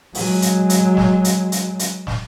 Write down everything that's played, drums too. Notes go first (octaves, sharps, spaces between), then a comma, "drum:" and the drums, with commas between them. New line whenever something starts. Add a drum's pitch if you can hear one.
F#3 G#3, drum: open hi-hat
drum: hi-hat
drum: hi-hat
drum: snare
drum: hi-hat
drum: hi-hat
drum: hi-hat
drum: snare